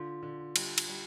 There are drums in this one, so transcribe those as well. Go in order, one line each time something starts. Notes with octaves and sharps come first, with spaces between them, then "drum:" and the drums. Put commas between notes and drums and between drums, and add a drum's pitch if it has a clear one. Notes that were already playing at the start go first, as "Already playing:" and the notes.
Already playing: D3 F4
D3
G3, drum: cymbal
drum: cymbal
G3